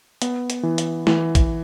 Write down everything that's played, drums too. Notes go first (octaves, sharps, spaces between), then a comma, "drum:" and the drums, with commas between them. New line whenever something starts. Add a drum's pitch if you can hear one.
B3, drum: hi-hat
drum: hi-hat
E3
drum: hi-hat
E3, drum: snare
drum: kick, hi-hat